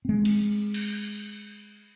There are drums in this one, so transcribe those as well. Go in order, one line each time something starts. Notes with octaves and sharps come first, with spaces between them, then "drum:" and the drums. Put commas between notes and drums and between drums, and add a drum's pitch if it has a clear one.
G#3 C4
drum: cymbal
drum: cymbal